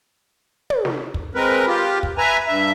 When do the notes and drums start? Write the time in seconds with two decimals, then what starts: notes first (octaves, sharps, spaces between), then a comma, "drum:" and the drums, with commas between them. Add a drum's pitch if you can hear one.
0.70 drum: tom
0.85 drum: snare
1.14 drum: kick
1.35 G#3 C4 A#4 B4
1.68 F4 G4
2.03 drum: kick
2.18 B4 E5 G#5 A#5
2.47 G2 E5